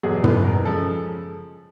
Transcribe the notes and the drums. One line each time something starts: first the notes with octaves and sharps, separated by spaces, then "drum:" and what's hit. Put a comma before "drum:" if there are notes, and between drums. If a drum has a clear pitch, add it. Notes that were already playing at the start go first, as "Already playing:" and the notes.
E2 B2 F#3 G#4
B4, drum: tom
A#4
C#3 F3 G#3 A4